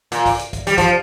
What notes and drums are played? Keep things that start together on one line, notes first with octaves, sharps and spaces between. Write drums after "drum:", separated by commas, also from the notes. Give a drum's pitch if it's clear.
A#2, drum: hi-hat
drum: kick, open hi-hat
drum: hi-hat
drum: kick, hi-hat
G3, drum: hi-hat
F3, drum: kick, hi-hat